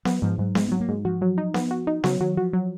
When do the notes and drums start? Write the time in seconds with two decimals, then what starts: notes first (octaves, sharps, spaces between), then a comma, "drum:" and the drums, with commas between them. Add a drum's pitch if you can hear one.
0.05 F#3 B3, drum: snare B3
0.22 G#2 F3
0.38 G#2 F#3
0.55 G#2 G#3, drum: snare B3
0.68 F#3 B3
0.80 A#3
0.88 G#2
1.05 F3 F#4
1.22 F#3
1.38 D#4
1.54 B3, drum: snare B3
1.71 F#4
1.87 D#4
2.04 C#3 F#3, drum: snare B3
2.20 D#3 F#3
2.37 F3 F#4
2.53 F#3